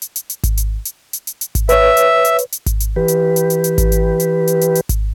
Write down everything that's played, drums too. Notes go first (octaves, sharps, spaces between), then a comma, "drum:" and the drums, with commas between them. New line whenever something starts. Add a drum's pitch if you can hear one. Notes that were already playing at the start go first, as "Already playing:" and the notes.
drum: hi-hat
drum: hi-hat
drum: hi-hat
drum: kick G#1, hi-hat
drum: hi-hat
drum: hi-hat
drum: hi-hat
drum: hi-hat
drum: hi-hat
drum: kick G#1, hi-hat
B4 C#5 E5, drum: hi-hat
drum: hi-hat
drum: hi-hat
drum: hi-hat
drum: hi-hat
drum: kick G#1, hi-hat
drum: hi-hat
E3 G4 B4
drum: hi-hat
drum: hi-hat
drum: hi-hat
drum: hi-hat
drum: kick G#1, hi-hat
drum: hi-hat
drum: hi-hat
drum: hi-hat
drum: hi-hat
drum: hi-hat
drum: kick G#1, hi-hat